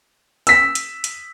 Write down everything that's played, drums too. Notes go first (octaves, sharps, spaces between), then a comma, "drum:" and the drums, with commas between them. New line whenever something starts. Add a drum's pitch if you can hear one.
E6 B6, drum: hi-hat
drum: hi-hat
drum: hi-hat